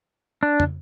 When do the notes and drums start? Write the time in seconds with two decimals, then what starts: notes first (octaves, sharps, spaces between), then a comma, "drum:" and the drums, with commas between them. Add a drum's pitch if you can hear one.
0.43 D4
0.60 drum: tom